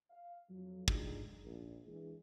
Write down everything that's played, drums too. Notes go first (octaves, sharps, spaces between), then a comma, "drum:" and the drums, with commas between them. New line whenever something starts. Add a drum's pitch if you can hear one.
F5
F2 F#3
G#3 A3 D4 D#4 F4 G#4, drum: kick
A#1
E3 G#3 D4 G#4